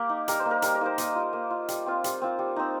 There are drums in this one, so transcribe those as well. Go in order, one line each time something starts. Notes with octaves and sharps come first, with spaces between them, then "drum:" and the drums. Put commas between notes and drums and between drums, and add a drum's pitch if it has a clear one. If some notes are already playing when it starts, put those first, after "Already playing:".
Already playing: A#3 G4
D#4
G3 A#4, drum: hi-hat
C5
A#3 D#4
A#4
G3 A#4, drum: hi-hat
A#4
A#3 D#4 C5
A#3 D#5, drum: hi-hat
F4
A#3
F4
G3, drum: hi-hat
C4 F4
G3, drum: hi-hat
C4 F4
G3
C4 D#4